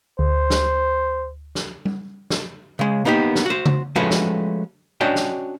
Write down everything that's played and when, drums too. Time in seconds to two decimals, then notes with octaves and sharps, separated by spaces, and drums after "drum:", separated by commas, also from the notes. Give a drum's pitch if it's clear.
0.19 D2 C5
0.50 drum: snare
1.55 drum: snare
1.85 drum: tom G3
2.30 drum: snare
2.79 C#3 G#3
3.05 A#3 B3 D#4 F#4 G4
3.36 drum: snare
3.46 F#4 C5
3.66 drum: tom C#3
3.96 F3 G#3 A3 C#4 F#4 B4
4.11 drum: snare
5.01 C#4 D4 F#4 C#5 D#5 G5
5.16 drum: snare